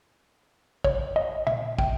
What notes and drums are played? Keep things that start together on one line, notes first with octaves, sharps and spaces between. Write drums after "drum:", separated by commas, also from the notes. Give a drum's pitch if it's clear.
C#5, drum: kick
D#5
E5, drum: tom A#2
G5, drum: kick